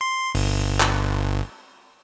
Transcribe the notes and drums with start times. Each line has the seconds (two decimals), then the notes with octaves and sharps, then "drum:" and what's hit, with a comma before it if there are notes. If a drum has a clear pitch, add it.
0.01 C6
0.35 G1, drum: open hi-hat
0.80 drum: clap